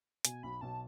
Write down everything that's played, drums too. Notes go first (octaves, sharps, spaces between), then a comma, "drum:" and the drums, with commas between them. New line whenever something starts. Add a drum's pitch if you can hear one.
B2 G#5, drum: hi-hat
B1 B5
B1 A5